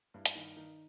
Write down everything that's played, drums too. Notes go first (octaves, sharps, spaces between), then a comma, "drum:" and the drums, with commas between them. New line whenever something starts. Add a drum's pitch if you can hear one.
G2 E4
drum: hi-hat
D#3 D#4
D#3 D#4